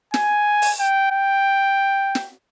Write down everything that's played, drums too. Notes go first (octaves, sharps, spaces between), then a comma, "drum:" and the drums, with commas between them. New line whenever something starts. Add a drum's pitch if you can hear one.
G#5, drum: snare
drum: open hi-hat
G5
G5
drum: snare